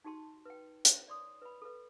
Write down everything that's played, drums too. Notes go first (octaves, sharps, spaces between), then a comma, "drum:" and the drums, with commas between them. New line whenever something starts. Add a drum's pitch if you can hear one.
D#4 F#4 G4 A5 C6
B4 G5
C#5, drum: hi-hat
D5 C6 D#6
B4 B5
A4 B4